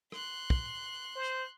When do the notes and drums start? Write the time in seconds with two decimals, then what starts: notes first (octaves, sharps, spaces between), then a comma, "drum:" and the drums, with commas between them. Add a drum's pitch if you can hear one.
0.12 C6 F#6, drum: rim click
0.50 drum: kick
1.16 C5